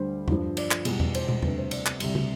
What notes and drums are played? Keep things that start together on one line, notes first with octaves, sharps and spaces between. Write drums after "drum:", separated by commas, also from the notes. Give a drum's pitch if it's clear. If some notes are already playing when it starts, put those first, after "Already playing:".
Already playing: D2 D3 G3 C5
G2 F3, drum: tom E2
D5, drum: cymbal
drum: clap
E2 B2 G3, drum: cymbal
drum: tom E2
C5, drum: cymbal
drum: tom
D2 C3 G3 B4, drum: tom E2
C5
D5, drum: cymbal
drum: clap
C2 C3 G3, drum: cymbal
drum: tom